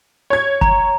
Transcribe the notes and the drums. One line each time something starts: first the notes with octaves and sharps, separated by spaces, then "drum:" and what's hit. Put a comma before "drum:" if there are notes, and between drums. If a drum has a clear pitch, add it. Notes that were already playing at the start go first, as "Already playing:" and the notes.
C#5 G#6
A#5, drum: kick